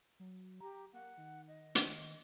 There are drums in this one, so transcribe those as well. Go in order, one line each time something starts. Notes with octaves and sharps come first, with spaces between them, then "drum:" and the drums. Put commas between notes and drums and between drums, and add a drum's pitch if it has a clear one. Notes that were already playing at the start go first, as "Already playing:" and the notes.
F#3
G4 A#5
A#3 F#5
D#3
D#5
drum: hi-hat